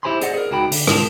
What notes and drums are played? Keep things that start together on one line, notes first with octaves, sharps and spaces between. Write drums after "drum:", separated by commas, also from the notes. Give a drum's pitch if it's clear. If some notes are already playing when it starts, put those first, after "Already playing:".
E4 G4 C5 G#5 B5 C6
G#4 C5 D5 D#5 F#5, drum: hi-hat
G#4 A#4
C#2 D#4 F#4 G5 B5
D3, drum: open hi-hat
C2 G#2 G#3 F4 A#4 A5, drum: rim click